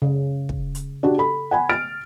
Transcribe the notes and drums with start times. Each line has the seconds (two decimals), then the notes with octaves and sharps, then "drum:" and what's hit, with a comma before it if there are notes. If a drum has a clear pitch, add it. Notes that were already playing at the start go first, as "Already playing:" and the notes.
0.02 C#3
0.49 drum: kick
0.75 drum: hi-hat
1.03 D4 F#4 G4
1.18 A4 B5
1.51 F#5 G#5 B5
1.69 F6 A6 D7